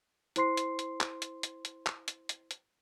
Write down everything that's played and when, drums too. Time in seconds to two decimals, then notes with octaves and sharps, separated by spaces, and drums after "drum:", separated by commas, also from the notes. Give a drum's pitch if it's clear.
0.36 E4 C5 C6 C7, drum: hi-hat
0.57 drum: hi-hat
0.79 drum: hi-hat
1.00 drum: clap
1.22 drum: hi-hat
1.43 drum: hi-hat
1.65 drum: hi-hat
1.86 drum: clap
2.08 drum: hi-hat
2.29 drum: hi-hat
2.51 drum: hi-hat